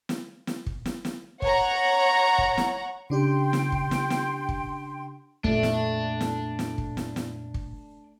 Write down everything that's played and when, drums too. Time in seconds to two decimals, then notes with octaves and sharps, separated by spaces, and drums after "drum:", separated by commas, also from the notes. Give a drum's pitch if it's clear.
0.09 drum: snare
0.47 drum: snare
0.66 drum: kick
0.86 drum: snare
1.05 drum: snare
1.42 C#5 F#5 A#5, drum: kick
2.38 drum: kick
2.58 drum: snare
3.10 C#3 D4 G4 G5 C6
3.53 drum: snare
3.72 drum: kick
3.91 drum: snare
4.10 drum: snare
4.49 drum: kick
5.44 F2 A#2 A3 D4, drum: kick
5.63 drum: snare
6.21 drum: snare
6.59 drum: snare
6.78 drum: kick
6.97 drum: snare
7.16 drum: snare
7.54 drum: kick